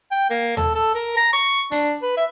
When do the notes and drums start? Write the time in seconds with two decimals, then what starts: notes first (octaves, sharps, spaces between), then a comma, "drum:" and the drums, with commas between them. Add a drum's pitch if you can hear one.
0.11 G5
0.30 A#3
0.57 A4, drum: tom D#2
0.75 A4
0.95 A#4
1.17 A#5
1.33 C#6
1.71 D4, drum: open hi-hat
2.02 B4
2.17 E5